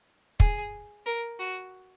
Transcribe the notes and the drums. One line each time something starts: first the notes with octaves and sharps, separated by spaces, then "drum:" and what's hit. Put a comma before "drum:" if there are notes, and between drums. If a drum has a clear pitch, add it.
G#4, drum: kick
A#4
F#4